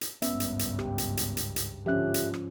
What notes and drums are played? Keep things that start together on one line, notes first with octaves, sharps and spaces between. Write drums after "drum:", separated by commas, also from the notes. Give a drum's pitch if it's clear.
drum: hi-hat
G#1 C#2 G2 B3 C#4 E5, drum: hi-hat
drum: hi-hat
drum: hi-hat
G4, drum: rim click
drum: hi-hat
drum: hi-hat
drum: hi-hat
drum: hi-hat
G#2 D3 F3 C#4 G4 E5 F#6
drum: hi-hat
drum: rim click